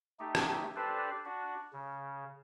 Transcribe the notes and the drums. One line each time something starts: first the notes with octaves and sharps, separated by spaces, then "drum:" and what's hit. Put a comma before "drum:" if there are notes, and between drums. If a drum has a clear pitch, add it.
A3 D#4 G4
drum: rim click
D4 G4 A4 B4 C5 D5
D4 F#4
C#3